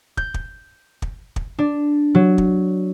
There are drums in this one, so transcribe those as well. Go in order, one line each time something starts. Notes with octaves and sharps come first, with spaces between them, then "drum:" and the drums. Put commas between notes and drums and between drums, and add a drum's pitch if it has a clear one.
G6, drum: kick
drum: kick
drum: kick
drum: kick
D4
F#3
drum: kick